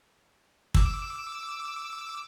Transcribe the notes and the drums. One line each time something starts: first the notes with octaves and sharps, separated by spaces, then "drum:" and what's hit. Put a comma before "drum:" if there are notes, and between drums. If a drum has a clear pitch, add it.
D6 E6, drum: kick